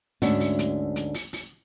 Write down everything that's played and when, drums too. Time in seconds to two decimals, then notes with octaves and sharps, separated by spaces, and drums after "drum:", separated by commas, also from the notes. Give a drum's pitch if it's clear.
0.22 D2 G#2 C#4 D4 F#4 E5, drum: open hi-hat
0.40 drum: open hi-hat
0.59 drum: hi-hat
0.96 drum: hi-hat
1.14 drum: open hi-hat
1.33 drum: open hi-hat